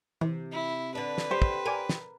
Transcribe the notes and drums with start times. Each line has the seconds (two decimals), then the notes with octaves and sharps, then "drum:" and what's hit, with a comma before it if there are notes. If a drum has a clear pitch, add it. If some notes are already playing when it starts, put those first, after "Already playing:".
0.21 C3 E3
0.53 E4
0.95 D3 D4 B4
1.18 drum: snare
1.31 G4 C5
1.42 drum: kick
1.66 A#4 D5 G#5 D#7
1.89 drum: snare